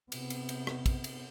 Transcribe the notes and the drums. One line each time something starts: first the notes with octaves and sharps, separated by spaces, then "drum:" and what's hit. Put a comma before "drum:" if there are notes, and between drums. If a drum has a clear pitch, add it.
C3 B3, drum: cymbal
drum: cymbal
drum: cymbal
drum: rim click
drum: kick, cymbal
drum: cymbal